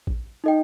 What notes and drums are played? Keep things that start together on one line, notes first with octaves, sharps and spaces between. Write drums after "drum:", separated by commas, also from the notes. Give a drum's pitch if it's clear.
drum: kick
D#4 A4 D#5 G5